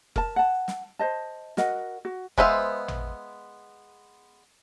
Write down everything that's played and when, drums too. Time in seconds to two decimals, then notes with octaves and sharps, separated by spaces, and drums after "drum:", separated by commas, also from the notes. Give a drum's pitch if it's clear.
0.16 A#4 A5, drum: kick F1
0.36 F#5 A5
0.68 drum: snare
0.99 C5 D#5 A5
1.57 F#4 A#4 D#5 F#5, drum: snare
2.05 F#4
2.38 G#3 B3 C5 E5 F5, drum: kick F1
2.88 drum: tom A1